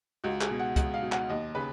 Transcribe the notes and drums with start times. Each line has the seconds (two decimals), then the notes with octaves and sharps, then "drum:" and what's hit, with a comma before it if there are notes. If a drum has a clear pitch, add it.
0.24 C#2 F#4
0.41 G#4, drum: clap
0.51 B2
0.59 F#5
0.76 C#2 F#5, drum: kick, hi-hat
0.94 F5
1.02 B2
1.12 F#5, drum: clap
1.29 D#2 D#5
1.55 C#3 B4